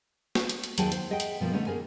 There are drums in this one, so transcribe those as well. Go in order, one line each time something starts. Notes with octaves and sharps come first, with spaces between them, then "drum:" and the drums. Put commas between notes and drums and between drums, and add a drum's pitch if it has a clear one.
drum: snare
drum: hi-hat
drum: hi-hat
D#2 F#3 G#4 G5 A5, drum: hi-hat
C5, drum: hi-hat
G#4 D#5 E5 F#5 G5
drum: hi-hat
B2 F3 A3 A#3
D3 A3 B3 C#4 D#4
A#3 G#4 A#4 G#5